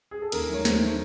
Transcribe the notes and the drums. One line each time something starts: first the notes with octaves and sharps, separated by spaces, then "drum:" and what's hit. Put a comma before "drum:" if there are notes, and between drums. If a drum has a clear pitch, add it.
G#4
A4
D#2 A#4, drum: cymbal
D#3 F#3 A3 C#5
D#2 C5, drum: snare
D#3 F#3 A3